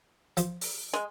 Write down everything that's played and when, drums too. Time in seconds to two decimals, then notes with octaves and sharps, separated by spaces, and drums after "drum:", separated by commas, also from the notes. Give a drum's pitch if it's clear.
0.37 F3, drum: hi-hat
0.61 drum: open hi-hat
0.94 G#3